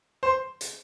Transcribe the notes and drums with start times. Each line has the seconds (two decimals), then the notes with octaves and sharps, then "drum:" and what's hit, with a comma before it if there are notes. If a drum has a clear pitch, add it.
0.23 C5
0.61 drum: hi-hat